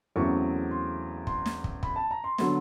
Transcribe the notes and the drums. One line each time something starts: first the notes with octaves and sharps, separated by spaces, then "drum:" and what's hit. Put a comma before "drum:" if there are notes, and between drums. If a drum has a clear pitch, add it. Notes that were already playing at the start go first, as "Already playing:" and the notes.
E2 C#3 F#3 A3 C4 C#6
C6
C6, drum: kick
drum: snare
drum: kick
B5, drum: kick
A5
A#5
C6
D3 F#3 B3 C6, drum: snare